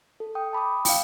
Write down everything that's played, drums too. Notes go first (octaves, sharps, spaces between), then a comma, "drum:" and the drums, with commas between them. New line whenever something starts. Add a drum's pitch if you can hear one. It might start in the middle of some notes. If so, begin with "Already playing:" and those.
A4
G5 D#6
A5 B5 D6 D#6
F5 G5, drum: open hi-hat